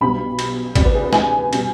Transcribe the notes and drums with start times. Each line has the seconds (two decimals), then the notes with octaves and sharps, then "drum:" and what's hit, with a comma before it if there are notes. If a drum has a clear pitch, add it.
0.01 B1 B2 G3 B5
0.39 drum: cymbal
0.76 D2 C3 G3 D5, drum: kick G#1, cymbal
0.85 B4
0.95 G#4
1.04 B4
1.13 G#5, drum: snare
1.53 B2 G3, drum: cymbal